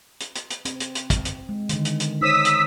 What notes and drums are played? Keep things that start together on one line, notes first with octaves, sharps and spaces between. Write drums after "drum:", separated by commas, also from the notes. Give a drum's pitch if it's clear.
drum: hi-hat
drum: hi-hat
drum: hi-hat
C4, drum: hi-hat
drum: hi-hat
drum: hi-hat
drum: kick, hi-hat
drum: hi-hat
G#3
D3 D#3, drum: hi-hat
drum: hi-hat
drum: hi-hat
D#4 C5 C#5 D#6 E6 B6
drum: hi-hat